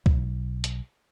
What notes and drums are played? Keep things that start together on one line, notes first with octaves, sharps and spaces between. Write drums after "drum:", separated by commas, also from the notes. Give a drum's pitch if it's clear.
B1, drum: kick C2
drum: hi-hat